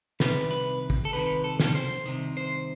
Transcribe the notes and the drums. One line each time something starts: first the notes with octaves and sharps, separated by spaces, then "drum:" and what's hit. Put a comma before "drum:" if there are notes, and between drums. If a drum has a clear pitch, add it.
C2 C3 D#3 B4, drum: snare
B4
drum: kick
A4
C2 C3 D#3 B4
A4
drum: snare
C5
C2 C3 D#3
C5